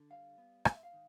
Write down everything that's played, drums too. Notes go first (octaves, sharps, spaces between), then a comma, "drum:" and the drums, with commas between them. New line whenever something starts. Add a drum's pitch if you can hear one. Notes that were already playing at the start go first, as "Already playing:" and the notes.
Already playing: D3
G3 F5
B3
G#2 F5, drum: rim click
E5
F5
D#3